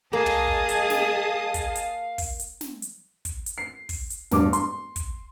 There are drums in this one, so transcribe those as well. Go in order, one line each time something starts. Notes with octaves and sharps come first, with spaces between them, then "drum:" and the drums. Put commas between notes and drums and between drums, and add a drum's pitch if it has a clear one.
A#3 G#4 D#5 F5 A5 D#6
drum: tom
drum: kick
drum: hi-hat
drum: snare
drum: kick, hi-hat
drum: hi-hat
drum: kick, open hi-hat
drum: hi-hat
drum: snare
drum: hi-hat
drum: kick, hi-hat
drum: hi-hat
C7
drum: kick, open hi-hat
drum: hi-hat
E1 G2 D6, drum: snare
C6, drum: hi-hat
drum: kick, hi-hat